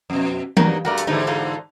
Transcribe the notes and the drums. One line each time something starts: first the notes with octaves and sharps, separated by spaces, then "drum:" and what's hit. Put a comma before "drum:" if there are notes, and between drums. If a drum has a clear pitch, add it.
F2 B2
G2 F#3 D#4 A#4, drum: tom E3
G2 A3 F#4 A#4 D5
drum: hi-hat
G#2 D3 E3 A3 B3 D#4
D#4 F4 A4